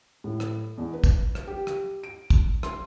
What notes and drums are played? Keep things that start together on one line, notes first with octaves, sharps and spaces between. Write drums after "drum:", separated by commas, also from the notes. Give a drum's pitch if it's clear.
A2
drum: rim click
E2
B4
drum: kick, tambourine
drum: rim click
G4
drum: rim click
D7
drum: kick, tambourine
C6, drum: rim click